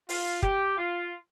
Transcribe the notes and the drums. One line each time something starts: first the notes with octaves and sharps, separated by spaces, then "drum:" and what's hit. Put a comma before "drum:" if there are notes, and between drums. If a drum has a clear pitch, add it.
F4, drum: open hi-hat
G4, drum: kick
F4